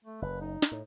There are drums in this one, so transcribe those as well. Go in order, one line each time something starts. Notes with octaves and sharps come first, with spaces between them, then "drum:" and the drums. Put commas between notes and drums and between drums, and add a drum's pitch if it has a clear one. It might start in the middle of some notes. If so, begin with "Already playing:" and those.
A3
F#1 B4
D#4
drum: snare
A2